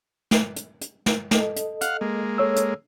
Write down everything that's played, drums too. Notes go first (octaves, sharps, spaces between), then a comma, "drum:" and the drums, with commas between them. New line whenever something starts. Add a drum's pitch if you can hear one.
drum: snare
drum: hi-hat
drum: hi-hat
drum: snare
A4 D#5, drum: snare
drum: hi-hat
F5 F#5, drum: hi-hat
G#3 A#3
A4 C#5 E6
drum: hi-hat